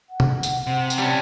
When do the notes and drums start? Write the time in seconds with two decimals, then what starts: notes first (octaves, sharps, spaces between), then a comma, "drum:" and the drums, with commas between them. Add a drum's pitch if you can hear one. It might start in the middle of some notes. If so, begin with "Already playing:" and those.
0.09 F#5
0.20 drum: tom C3
0.43 drum: tambourine
0.67 C3
0.90 drum: tambourine
0.99 G3 C#4 A5